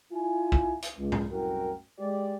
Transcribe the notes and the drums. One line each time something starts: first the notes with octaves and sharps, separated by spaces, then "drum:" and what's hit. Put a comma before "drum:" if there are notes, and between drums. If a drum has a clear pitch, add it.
E4 F4 G#5
drum: kick
drum: hi-hat
C#2
drum: tom A2
C2 F#2 A2 F#4 A#4 G5
G#3 G4 D5